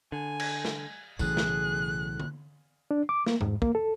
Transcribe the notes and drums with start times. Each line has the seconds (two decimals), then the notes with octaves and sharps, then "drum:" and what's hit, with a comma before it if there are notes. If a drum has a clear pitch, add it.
0.12 D3 G#5
0.40 drum: cymbal
0.65 drum: snare
1.19 B1 A2 C#3 E3 G#4 F#6, drum: tambourine
1.37 drum: snare
2.20 drum: tom D3
2.91 D4
3.09 D6
3.26 A#3, drum: snare
3.41 G#2, drum: tom E2
3.62 A#3, drum: kick
3.75 A4